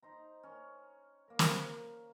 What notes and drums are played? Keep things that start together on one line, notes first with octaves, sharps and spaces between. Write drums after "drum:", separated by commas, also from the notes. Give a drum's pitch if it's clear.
D#4 C5 A#5
C#4
A#3 A#4
drum: snare